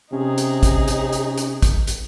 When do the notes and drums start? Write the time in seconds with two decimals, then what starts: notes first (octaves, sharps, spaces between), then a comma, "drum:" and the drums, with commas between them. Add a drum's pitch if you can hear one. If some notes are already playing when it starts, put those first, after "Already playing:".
0.13 C3 C#4 D#4 G#4
0.38 drum: hi-hat
0.63 drum: kick, hi-hat
0.88 drum: hi-hat
1.13 drum: hi-hat
1.38 drum: hi-hat
1.62 drum: kick, hi-hat
1.87 drum: hi-hat